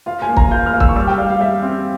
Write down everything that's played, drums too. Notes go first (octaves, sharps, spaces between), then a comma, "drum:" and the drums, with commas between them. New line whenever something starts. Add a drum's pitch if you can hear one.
F4 F5
G#5
A#3
A#5, drum: kick
F4 G6
F6
A#3
E6, drum: kick
C#6
G3 E6
G5
G3 F5
F5
G3 E5
C4